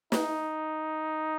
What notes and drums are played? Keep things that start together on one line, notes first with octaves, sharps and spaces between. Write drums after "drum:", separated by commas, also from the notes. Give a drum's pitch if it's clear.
D#4, drum: snare